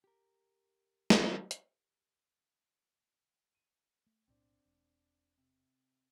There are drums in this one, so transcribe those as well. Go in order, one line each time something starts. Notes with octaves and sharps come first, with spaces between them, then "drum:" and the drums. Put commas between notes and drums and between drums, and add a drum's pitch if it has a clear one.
G4 A#4
drum: snare
drum: hi-hat
D#7
A3
B1 A2 C4 D4
E1
C3